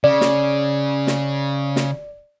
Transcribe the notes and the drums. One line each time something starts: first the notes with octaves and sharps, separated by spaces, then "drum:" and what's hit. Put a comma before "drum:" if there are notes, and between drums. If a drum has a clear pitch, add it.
C#3 D5
drum: snare
drum: snare
drum: snare